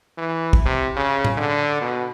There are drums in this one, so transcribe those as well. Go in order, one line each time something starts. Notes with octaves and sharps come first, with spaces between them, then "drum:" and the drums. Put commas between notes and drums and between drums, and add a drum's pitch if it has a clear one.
E3
drum: kick
C3
C#3
drum: tom A2
D3
B2